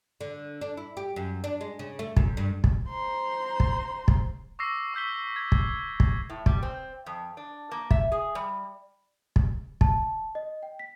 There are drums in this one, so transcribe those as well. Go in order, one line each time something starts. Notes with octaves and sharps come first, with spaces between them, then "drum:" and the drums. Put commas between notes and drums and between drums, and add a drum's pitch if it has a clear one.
D3
D4
E4
G4
F#2
D4
G#3
C#3
A3
F#2, drum: kick
G2
drum: kick
C5 A#5 C6
drum: kick
drum: kick
C#6 D6 E6 A#6 C7
C#6 E6 G6 B6 G7
G#6
drum: kick
drum: kick
A2
G3, drum: kick
C4
F2
D4
A#3
E5, drum: kick
G#4
G3
drum: kick
A5, drum: kick
D#5
G5
B6